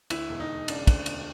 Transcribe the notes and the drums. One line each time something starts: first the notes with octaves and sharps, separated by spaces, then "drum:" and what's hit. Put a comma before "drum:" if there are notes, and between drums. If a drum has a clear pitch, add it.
D2 E4, drum: cymbal
E1
D#4
E1
C#3 D4, drum: cymbal
D2, drum: kick, cymbal
E1, drum: cymbal